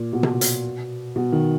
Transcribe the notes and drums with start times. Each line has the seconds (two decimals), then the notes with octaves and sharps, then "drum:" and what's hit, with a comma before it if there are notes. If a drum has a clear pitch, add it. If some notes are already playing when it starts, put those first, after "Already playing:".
Already playing: A#2
0.13 B2
0.23 drum: tom C3
0.41 drum: hi-hat
1.16 B2
1.32 D#3